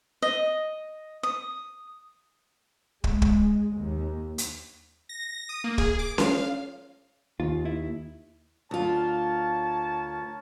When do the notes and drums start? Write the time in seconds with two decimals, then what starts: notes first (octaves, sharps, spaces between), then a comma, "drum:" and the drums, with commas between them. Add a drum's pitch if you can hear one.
0.22 D#5
1.23 D#6
3.04 G#3, drum: kick
3.22 drum: kick
3.77 D#2
4.38 drum: hi-hat
5.09 A#6
5.49 D#6
5.64 A#3
5.78 G#4, drum: kick
5.99 D6
6.18 F5, drum: snare C#4
7.40 D#2 F4
7.65 E4
8.71 D2 F4 A#4 C#5 A5